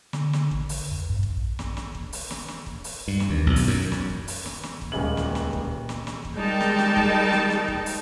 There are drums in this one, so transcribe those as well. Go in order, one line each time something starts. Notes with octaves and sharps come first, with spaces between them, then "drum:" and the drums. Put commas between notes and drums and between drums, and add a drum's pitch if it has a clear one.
D3, drum: snare
drum: snare
A1, drum: kick
drum: open hi-hat
F2
G2
drum: kick
A#1
drum: snare
drum: snare
drum: kick
drum: open hi-hat
drum: snare
drum: snare
drum: kick
drum: open hi-hat
G2
drum: snare
D#2
B1
drum: open hi-hat
F#2
drum: snare
drum: kick
drum: open hi-hat
drum: snare
drum: snare
drum: kick
D#1 C#2 F#7
drum: snare
drum: snare
drum: kick
drum: snare
drum: snare
drum: kick
G3 G#3 D#4 A#4 G5 A5
drum: snare
drum: snare
drum: kick
drum: snare
drum: snare
drum: kick
drum: open hi-hat